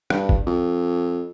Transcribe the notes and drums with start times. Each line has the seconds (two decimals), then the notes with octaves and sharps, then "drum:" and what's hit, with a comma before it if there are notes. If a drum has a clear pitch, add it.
0.10 G2, drum: rim click
0.29 drum: kick
0.47 F2